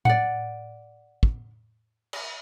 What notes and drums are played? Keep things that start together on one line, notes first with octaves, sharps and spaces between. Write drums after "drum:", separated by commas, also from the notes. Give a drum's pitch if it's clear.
D5 F#5, drum: tom A2
drum: kick
drum: cymbal